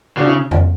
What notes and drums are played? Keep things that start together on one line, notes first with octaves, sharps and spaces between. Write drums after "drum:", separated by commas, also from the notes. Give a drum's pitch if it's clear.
C#3 D4 F#4
C#4 E4
drum: tom F2